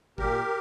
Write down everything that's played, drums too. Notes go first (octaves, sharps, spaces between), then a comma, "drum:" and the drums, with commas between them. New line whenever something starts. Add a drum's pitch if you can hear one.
A#2 G4 A#4, drum: kick G1